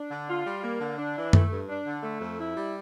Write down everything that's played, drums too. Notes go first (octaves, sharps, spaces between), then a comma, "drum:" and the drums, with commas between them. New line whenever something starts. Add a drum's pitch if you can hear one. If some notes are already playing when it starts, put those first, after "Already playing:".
Already playing: D4
D3
F4
G3
A#3
D3
D4
E3
A3, drum: tom F#2
G2
D4
D3
A3
F2
E4
G3